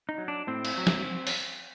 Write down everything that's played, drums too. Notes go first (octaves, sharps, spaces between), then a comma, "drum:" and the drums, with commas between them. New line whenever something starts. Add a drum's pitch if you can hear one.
D#4
F#3
D4
A2 C4
drum: cymbal
F#3
drum: snare
drum: open hi-hat